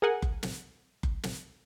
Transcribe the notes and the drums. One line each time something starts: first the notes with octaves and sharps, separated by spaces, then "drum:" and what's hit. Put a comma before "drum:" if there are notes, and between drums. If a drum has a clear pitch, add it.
G#4 A#4 F#5 G#5
drum: kick F#1
drum: snare
drum: kick F#1
drum: snare